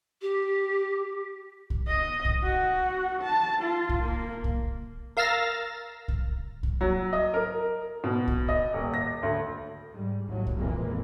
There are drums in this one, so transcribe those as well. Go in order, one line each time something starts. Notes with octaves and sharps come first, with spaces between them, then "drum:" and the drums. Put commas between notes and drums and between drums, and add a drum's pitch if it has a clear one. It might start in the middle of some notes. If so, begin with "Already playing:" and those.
G4
drum: kick B1
D#5
drum: kick B1
F#4
A5
F4
drum: kick B1
A#3
drum: kick B1
A#4 F5 E6 F6 A6 A#6
drum: kick B1
drum: kick B1
F#3
D#5
A#4
B2
drum: kick B1
D#5
D#1
A#6
D2
G#2 G3
A1 D#2 A2 F#3
drum: kick B1
F2 A#2 E3 G#3 A#3